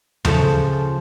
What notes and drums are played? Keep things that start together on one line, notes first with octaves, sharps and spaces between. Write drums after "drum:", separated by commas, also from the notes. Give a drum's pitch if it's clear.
C#3 F3 A4, drum: tom D2